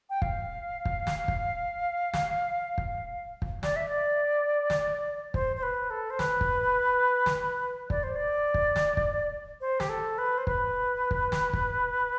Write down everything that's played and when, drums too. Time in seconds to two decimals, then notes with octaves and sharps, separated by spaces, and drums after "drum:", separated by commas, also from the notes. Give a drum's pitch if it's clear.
0.10 G5
0.22 F5, drum: kick
0.85 drum: kick
1.07 drum: snare
1.28 drum: kick
2.14 drum: snare
2.78 drum: kick
3.42 drum: kick
3.63 D5, drum: snare
3.76 E5
3.89 D5
4.70 drum: snare
5.34 C5, drum: kick
5.56 C5
5.63 B4
5.90 A4
6.10 C5
6.19 B4, drum: snare
6.41 drum: kick
7.26 drum: snare
7.90 D5, drum: kick
8.03 C5
8.16 D5
8.54 drum: kick
8.76 drum: snare
8.97 drum: kick
9.61 C5
9.80 G4, drum: snare
9.89 A4
10.18 B4
10.38 C5
10.47 B4, drum: kick
11.11 drum: kick
11.32 drum: snare
11.53 drum: kick